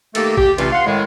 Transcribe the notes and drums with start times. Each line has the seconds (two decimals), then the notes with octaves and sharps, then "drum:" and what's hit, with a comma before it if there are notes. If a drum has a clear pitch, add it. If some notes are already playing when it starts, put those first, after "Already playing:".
0.15 D#3 A3 A#3 G4 A4, drum: cymbal
0.37 G4, drum: kick A#1
0.58 G2 C3 E3 A3 C#4 F4, drum: cymbal
0.73 F5 F#5 C6
0.86 A2 D#3 G#3